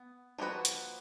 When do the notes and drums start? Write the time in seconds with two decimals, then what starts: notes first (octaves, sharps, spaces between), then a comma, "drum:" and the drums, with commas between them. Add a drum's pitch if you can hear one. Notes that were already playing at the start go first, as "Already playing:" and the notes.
Already playing: B3
0.38 F3 A#3 C#4 F#4 B4
0.65 drum: hi-hat